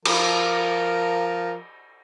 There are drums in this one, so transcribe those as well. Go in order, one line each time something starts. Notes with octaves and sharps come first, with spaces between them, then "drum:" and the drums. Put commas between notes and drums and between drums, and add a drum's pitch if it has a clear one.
F3 A#4, drum: cymbal